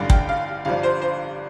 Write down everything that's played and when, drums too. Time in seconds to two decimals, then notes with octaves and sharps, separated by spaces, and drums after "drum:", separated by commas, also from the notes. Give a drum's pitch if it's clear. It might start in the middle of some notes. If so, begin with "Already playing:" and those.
Already playing: A1 G2 D3 F5
0.10 G5, drum: kick
0.29 F5
0.65 G1 G2 F3 D4 F5
0.83 C5
1.02 C5